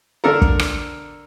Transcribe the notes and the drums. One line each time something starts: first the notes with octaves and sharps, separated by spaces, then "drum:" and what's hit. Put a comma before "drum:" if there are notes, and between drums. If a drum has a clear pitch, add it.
D3 D4 A4 A#4
drum: kick
drum: rim click